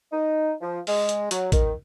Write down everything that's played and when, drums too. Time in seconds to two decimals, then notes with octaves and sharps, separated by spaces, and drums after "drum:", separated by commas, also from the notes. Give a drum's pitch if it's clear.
0.11 D#4
0.61 F3
0.87 G#3, drum: open hi-hat
1.09 drum: hi-hat
1.31 F#3, drum: hi-hat
1.52 D#3, drum: kick, hi-hat